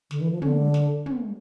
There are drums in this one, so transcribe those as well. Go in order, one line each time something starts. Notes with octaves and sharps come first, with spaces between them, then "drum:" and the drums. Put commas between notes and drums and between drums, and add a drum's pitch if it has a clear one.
D3, drum: snare
E3
F3
D3, drum: tom
drum: snare
drum: tom